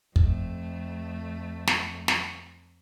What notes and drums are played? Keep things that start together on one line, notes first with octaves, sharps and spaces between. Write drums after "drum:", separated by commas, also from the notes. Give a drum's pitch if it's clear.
F2 A3, drum: kick
drum: snare
drum: snare